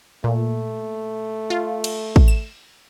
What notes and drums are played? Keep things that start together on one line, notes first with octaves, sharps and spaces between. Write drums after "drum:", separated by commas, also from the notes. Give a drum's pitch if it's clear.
A#2 A3
F4
drum: cymbal
drum: kick
E7